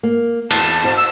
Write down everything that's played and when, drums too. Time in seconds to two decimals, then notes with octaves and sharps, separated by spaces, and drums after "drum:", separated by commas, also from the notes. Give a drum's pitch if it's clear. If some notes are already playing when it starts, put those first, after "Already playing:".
0.03 A#3
0.51 E2 A5, drum: cymbal
0.84 F#4 C5 F5
0.97 E6